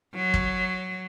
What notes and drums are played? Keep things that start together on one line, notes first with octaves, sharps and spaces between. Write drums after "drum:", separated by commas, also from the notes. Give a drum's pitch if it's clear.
F#3
drum: kick